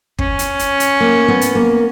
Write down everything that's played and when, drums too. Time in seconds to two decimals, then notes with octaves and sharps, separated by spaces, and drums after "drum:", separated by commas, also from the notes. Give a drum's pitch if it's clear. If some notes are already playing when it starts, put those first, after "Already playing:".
0.19 C#4, drum: kick
0.39 drum: hi-hat
0.59 drum: hi-hat
0.80 drum: hi-hat
1.00 A#3
1.28 B3
1.41 drum: hi-hat
1.55 A#3